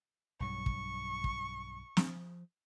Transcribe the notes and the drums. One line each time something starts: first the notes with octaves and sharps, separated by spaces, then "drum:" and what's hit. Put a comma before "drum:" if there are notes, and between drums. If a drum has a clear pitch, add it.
B1 G2 F#3 C#6
drum: kick
drum: kick
F3, drum: snare